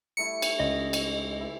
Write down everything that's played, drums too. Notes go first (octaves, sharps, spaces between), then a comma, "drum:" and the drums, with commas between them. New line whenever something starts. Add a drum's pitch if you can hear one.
G3 A3 E4 C#7
drum: cymbal
C#2 D#5
drum: cymbal
E3 E4